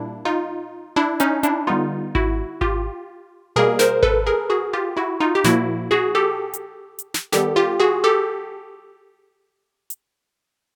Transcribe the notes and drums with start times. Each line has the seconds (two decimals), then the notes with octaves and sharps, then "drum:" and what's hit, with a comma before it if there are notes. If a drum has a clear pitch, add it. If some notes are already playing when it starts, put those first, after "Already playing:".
Already playing: A#2 G3 A#3 D4 E4
0.25 D#4 F4
0.96 D4 E4
1.20 C#4 D#4, drum: hi-hat
1.43 D4 E4, drum: hi-hat
1.67 D3 G3 B3 D#4 F4
2.15 E4 F#4, drum: kick G#1
2.61 F4 G4, drum: kick G#1
3.56 B2 G3 A#3 G#4 A#4
3.79 A#4 C5, drum: snare
4.03 A4 B4, drum: kick G#1
4.27 G#4 A#4
4.50 F#4 G#4
4.73 F4 G4
4.97 E4 F#4
5.20 D#4 F4
5.35 G4
5.44 A#2 F3 A#3 E4 F#4, drum: snare
5.91 F#4 G#4
6.15 G4 A4
6.54 drum: hi-hat
6.99 drum: hi-hat
7.14 drum: snare
7.32 D#3 G3 B3 G4 A4, drum: snare
7.56 F4 G4
7.80 F#4 G#4
8.04 G4 A4
9.90 drum: hi-hat